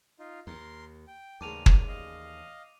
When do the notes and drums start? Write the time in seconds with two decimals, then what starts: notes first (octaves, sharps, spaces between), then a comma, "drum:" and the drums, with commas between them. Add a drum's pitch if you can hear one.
0.19 D#4 F4
0.47 D#2 A#4 C6
1.08 G5
1.41 A1 D#2 C#3 D4 A#4 D6 D#7 F7
1.66 drum: kick
1.88 D#5 F5